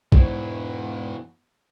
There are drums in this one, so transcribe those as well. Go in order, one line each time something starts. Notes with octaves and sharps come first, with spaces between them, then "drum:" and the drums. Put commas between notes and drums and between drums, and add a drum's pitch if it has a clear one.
E2 G#2 B2 E3 C#5, drum: kick B1